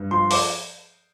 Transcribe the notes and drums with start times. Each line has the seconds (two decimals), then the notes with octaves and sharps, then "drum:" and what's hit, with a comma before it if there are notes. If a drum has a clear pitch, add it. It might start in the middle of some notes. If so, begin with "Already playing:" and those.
Already playing: G2
0.11 F3 C6
0.31 D6, drum: open hi-hat